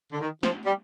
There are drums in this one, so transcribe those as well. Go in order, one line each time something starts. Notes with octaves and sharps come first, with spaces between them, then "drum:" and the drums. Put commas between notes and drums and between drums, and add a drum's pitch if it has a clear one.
D3
D#3
F3, drum: snare
G3